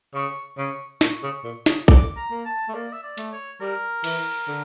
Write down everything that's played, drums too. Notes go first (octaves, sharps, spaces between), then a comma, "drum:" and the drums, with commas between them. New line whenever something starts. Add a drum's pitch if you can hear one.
C#3 C#6
C#3 C#6
A#2 C#6, drum: snare
C#3
A#2
C#3, drum: snare
D3 D6, drum: kick
A#5
A#3
A5
A3
A#3 D5
E5
D5
A3, drum: hi-hat
C#5
G3 A#4
E3, drum: cymbal
D3